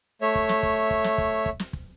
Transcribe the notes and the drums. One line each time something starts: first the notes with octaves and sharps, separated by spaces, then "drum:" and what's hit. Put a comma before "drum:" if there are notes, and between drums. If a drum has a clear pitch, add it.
A3 C#5 E5
drum: kick
drum: snare
drum: kick
drum: kick
drum: snare
drum: kick
drum: kick
drum: snare
drum: kick